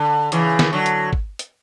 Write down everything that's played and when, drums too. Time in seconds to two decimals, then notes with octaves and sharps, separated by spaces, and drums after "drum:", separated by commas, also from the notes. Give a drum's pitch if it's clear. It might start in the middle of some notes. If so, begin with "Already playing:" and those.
Already playing: D3
0.32 C#3 E3, drum: hi-hat
0.59 drum: snare
0.73 D3 F#3
0.86 drum: hi-hat
1.13 drum: kick
1.39 drum: hi-hat